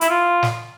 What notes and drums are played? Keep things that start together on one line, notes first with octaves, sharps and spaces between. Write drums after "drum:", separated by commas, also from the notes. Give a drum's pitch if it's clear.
E4, drum: hi-hat
F4
drum: snare